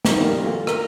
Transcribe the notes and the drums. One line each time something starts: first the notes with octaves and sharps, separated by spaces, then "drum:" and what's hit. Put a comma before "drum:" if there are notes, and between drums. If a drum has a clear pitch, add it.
D#3 F3 G3 B3 C4 D#4, drum: snare
A#3 D4 E4 G4 A#4
A3 F4 F#4
A#4, drum: rim click